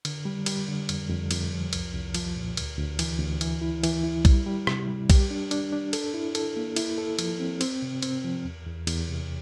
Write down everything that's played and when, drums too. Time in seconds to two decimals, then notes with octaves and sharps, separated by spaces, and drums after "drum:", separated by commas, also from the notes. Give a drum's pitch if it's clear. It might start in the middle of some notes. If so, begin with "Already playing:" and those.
0.05 D3, drum: cymbal
0.25 G3
0.46 G3, drum: cymbal
0.68 D3
0.89 F2, drum: cymbal
1.09 F2
1.31 F2, drum: cymbal
1.52 F3
1.73 C2, drum: cymbal
1.94 C2
2.14 F3, drum: cymbal
2.36 A#2
2.57 D2, drum: cymbal
2.78 D2
2.99 E3, drum: cymbal
3.19 D2
3.41 E3, drum: cymbal
3.62 E4
3.84 E3, drum: cymbal
4.03 E4
4.25 G3, drum: kick B1, cymbal
4.46 G3
4.67 C3, drum: rim click
4.87 G3
5.10 G4, drum: kick B1, cymbal
5.31 D4
5.51 D4, drum: cymbal
5.73 D4
5.93 A4, drum: cymbal
6.14 E4
6.35 A4, drum: cymbal
6.56 A#3
6.76 E4, drum: cymbal
6.98 A4
7.19 F3, drum: cymbal
7.40 C4
7.61 C4, drum: cymbal
7.82 C3
8.02 C4, drum: cymbal
8.25 F3
8.44 E2
8.66 E2
8.87 E2, drum: cymbal
9.09 C3